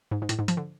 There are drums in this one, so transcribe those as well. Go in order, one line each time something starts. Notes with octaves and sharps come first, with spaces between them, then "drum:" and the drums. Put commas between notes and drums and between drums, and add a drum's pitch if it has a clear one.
G#2
G#2
A2, drum: hi-hat
G#2
F3, drum: hi-hat
D3